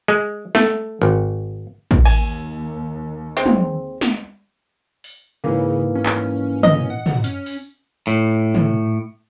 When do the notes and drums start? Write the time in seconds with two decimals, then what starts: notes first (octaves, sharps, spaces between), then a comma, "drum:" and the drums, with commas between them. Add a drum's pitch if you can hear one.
0.08 G#3
0.55 A3, drum: snare
1.02 G#1
1.91 drum: kick
2.05 D#2 G#5, drum: cymbal
3.37 G#3 C4
3.46 drum: tom
4.01 drum: snare
5.04 drum: open hi-hat
5.44 G#2 C#3 E3 A#3
5.95 C#4
6.06 drum: clap
6.63 D#5, drum: tom
6.90 F#5
7.06 drum: tom
7.24 C#4, drum: hi-hat
7.46 drum: open hi-hat
8.07 A2
8.55 drum: tom